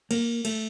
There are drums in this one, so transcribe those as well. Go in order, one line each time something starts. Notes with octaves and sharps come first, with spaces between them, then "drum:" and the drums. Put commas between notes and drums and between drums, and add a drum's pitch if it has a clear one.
A#3, drum: cymbal
A3, drum: cymbal